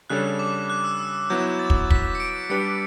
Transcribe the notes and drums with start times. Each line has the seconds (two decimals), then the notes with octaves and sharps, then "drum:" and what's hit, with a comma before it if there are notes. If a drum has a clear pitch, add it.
0.10 C#3 G3 D4 A4 C#5 F#6
0.39 D6
0.70 F#6
0.84 E6
1.00 E6
1.30 F#3 B3 E4 G6
1.59 A6
1.70 drum: kick
1.90 B6, drum: kick
2.15 C#7
2.20 D7
2.50 G3 D4 G4 B4 C#7